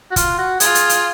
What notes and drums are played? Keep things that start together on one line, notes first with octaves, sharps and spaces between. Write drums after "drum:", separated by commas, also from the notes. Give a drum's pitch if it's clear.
F#4
F4, drum: kick, hi-hat
F#4
F4 G#4, drum: hi-hat
drum: hi-hat
drum: hi-hat